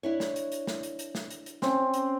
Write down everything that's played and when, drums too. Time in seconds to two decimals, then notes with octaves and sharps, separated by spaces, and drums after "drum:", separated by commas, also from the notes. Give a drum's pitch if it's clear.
0.03 D4 E4 C#5
0.20 drum: snare
0.36 drum: hi-hat
0.52 drum: hi-hat
0.67 drum: snare
0.83 drum: hi-hat
0.99 drum: hi-hat
1.15 drum: snare
1.30 drum: hi-hat
1.46 drum: hi-hat
1.62 C4 C#4, drum: snare
1.94 drum: hi-hat